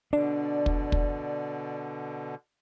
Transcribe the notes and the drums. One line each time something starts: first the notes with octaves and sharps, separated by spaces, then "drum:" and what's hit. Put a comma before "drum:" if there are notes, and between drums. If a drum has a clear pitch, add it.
B2 D3 D4 D5
drum: kick
drum: kick